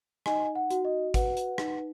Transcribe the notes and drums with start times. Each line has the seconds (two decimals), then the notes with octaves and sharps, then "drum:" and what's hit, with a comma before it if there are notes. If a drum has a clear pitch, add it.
0.26 D#4 D#5 G#5, drum: rim click
0.55 F#5
0.70 F#4, drum: hi-hat
0.85 D#5
1.14 B4 F#5, drum: kick G#1, hi-hat
1.37 drum: hi-hat
1.58 D#4, drum: rim click